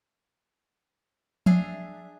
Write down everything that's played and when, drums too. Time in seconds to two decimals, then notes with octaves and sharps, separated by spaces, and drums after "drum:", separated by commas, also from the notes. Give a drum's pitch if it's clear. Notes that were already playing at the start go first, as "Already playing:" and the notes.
1.46 D4 G#4 E5 F5, drum: tom F3